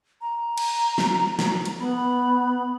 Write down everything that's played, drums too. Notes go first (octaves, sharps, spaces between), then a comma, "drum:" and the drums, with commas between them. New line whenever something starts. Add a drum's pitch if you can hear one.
A#5
drum: cymbal
drum: snare
drum: snare
drum: hi-hat
B3 B5